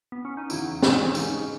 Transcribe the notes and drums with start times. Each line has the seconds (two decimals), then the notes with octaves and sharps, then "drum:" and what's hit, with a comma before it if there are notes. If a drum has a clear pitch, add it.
0.12 B3
0.25 C#4
0.37 D#4
0.50 E2 C#3 F#3 E4, drum: tambourine
0.82 G#2 E3 G#3 C#4 G#4, drum: snare
1.15 C#3 G#3 C#4 D#4 G#4, drum: tambourine